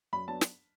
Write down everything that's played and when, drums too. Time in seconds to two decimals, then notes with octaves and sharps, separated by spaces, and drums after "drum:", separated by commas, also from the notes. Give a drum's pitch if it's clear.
0.13 F#2 B5
0.28 F#3 B3 D4 A5
0.41 drum: snare